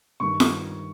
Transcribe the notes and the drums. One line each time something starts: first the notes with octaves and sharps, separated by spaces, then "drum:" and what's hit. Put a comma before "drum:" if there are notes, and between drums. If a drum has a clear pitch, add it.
G2 D#3 C#6
drum: snare